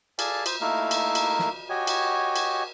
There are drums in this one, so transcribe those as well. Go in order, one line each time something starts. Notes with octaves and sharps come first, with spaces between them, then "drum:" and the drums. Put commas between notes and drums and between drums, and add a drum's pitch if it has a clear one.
G#4 A4 D5 F5 G#5, drum: cymbal
C5 D#6, drum: cymbal
A3 A#3 D#4 E4 A#4 F5
drum: cymbal
drum: cymbal
drum: snare
F#4 G4 C#5 D#5 G#5
drum: cymbal
drum: cymbal